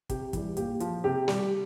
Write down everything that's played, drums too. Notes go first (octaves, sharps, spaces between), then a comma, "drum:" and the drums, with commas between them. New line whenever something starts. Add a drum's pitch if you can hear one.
C3 G4, drum: kick, hi-hat
E3 G3, drum: kick, hi-hat
A#2 G4, drum: hi-hat
F3, drum: hi-hat
C3 G4
G3, drum: snare